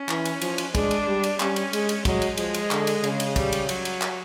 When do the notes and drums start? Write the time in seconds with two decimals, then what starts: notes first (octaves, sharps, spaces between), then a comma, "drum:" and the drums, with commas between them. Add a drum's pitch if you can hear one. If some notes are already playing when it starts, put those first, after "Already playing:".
Already playing: C#4
0.09 E3, drum: clap
0.25 drum: cymbal
0.41 F3, drum: cymbal
0.58 drum: cymbal
0.75 G#3 D4, drum: kick, cymbal
0.91 drum: cymbal
1.08 G3
1.24 drum: cymbal
1.40 G3 C#4, drum: clap
1.56 drum: cymbal
1.73 G#3, drum: cymbal
1.89 drum: cymbal
2.05 F#3 G#3, drum: kick, cymbal
2.22 drum: cymbal
2.37 F3 G#3, drum: cymbal
2.54 drum: cymbal
2.71 D3, drum: clap
2.87 drum: cymbal
3.04 C#3, drum: cymbal
3.20 drum: cymbal
3.36 G3, drum: kick, cymbal
3.53 drum: cymbal
3.69 F#3, drum: cymbal
3.85 drum: cymbal
4.02 drum: clap